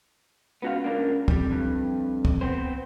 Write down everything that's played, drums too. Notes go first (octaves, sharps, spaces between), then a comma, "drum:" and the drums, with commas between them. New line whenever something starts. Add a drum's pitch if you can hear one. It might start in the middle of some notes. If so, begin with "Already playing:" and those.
C#2 B3 F#4 F5
C#2 A#3 D4 A#4
F2 G3, drum: kick
G2
drum: kick
B3 C4 C5